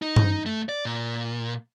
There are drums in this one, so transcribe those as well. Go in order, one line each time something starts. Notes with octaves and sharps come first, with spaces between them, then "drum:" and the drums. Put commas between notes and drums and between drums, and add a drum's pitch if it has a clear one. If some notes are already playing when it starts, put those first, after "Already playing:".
D#4
drum: tom G2
A3
D5
A#2